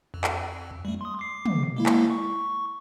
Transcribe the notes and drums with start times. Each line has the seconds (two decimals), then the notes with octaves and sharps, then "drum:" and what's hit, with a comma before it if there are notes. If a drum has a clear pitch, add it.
0.14 F2
0.24 drum: clap
0.85 G3 A3
1.01 C6 D#6
1.19 D6 C7
1.46 drum: tom
1.76 G#3 A#3 E4
1.86 drum: clap
2.10 C#6